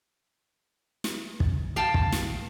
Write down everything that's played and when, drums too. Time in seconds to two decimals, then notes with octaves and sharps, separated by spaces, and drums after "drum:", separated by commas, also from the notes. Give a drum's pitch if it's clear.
1.04 drum: snare
1.40 drum: kick
1.76 F5 G5 A5
1.94 drum: kick
2.12 drum: snare